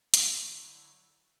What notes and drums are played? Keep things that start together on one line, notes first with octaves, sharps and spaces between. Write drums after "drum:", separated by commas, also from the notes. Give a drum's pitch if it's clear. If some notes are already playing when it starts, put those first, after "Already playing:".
D3 F#3 E4 C#6, drum: hi-hat